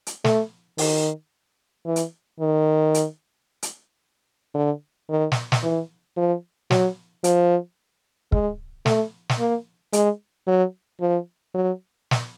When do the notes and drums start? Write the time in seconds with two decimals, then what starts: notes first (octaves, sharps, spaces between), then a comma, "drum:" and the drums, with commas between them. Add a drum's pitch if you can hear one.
0.07 drum: hi-hat
0.24 A3, drum: snare
0.78 D#3, drum: open hi-hat
1.86 E3
1.96 drum: hi-hat
2.40 D#3
2.94 drum: hi-hat
3.63 drum: hi-hat
4.55 D3
5.09 D#3
5.32 drum: snare
5.52 drum: snare
5.63 E3
6.17 F3
6.71 F#3, drum: snare
7.24 F3, drum: hi-hat
8.32 G#3, drum: kick
8.86 A3, drum: snare
9.29 drum: snare
9.39 A#3
9.93 G#3, drum: hi-hat
10.47 F#3
11.01 F3
11.55 F#3
12.11 drum: snare